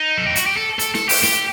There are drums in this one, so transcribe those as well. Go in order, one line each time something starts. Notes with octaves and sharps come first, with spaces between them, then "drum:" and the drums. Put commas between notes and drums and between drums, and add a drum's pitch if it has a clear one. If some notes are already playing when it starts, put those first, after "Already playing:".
Already playing: D#4
A4
G4
F#4, drum: hi-hat
G4
A4
A4, drum: hi-hat
A4, drum: snare
G4, drum: open hi-hat
G4, drum: snare